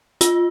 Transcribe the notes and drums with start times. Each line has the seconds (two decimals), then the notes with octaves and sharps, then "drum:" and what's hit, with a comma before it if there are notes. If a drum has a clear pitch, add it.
0.21 F4, drum: hi-hat